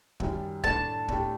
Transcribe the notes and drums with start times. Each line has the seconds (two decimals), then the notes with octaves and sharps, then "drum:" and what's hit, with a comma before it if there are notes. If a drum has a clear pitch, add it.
0.20 F#2 D#3 G3, drum: kick
0.64 A2 A3 D4 A4 A5, drum: kick
1.08 A2 A3 D4 G4, drum: kick